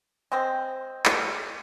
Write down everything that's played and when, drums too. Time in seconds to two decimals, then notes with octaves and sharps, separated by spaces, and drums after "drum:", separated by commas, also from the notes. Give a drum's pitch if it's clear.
0.32 G#3 C4
1.06 drum: clap